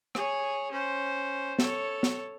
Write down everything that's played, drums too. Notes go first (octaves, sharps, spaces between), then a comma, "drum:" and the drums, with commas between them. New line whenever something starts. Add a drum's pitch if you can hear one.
G#4 C#5, drum: rim click
C#4 C5
A4 C#5, drum: snare
drum: snare